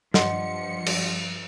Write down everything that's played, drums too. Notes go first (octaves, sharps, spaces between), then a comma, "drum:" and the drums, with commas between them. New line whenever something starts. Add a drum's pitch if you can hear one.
G2 F3 D#5 F#5 C6 C#7, drum: snare
drum: cymbal